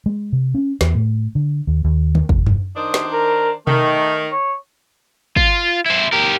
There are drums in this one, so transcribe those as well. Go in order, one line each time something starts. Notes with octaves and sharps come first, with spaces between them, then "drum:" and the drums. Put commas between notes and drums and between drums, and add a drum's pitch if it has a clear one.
G#3
C3
C#4
E2, drum: snare
A2
D3
D#2
D#2
drum: tom D3
F1, drum: kick
drum: tom F#2
D#3 D4 C5 D#5
drum: snare
A#4
D#3 A3, drum: tom B2
C#5
F4, drum: kick
E4 C5
G4 A#4